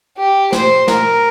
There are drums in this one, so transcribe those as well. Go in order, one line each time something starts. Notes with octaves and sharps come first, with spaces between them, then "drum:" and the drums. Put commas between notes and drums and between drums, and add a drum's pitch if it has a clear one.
G4
C5, drum: snare
A#4, drum: snare